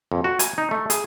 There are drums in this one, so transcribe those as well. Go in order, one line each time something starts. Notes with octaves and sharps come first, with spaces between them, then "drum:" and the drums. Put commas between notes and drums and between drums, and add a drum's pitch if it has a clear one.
F2
F#4
G#5, drum: hi-hat
D#4
A3
G#4, drum: hi-hat